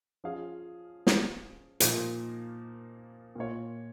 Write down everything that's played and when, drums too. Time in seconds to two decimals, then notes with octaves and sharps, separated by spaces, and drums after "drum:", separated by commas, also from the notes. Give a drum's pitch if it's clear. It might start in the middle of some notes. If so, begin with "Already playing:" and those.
0.24 F3 C#4 G#4 F5
1.07 drum: snare
1.80 A#2 F3 A#3 D#4, drum: hi-hat
3.35 A#2 A#3 F4 C#5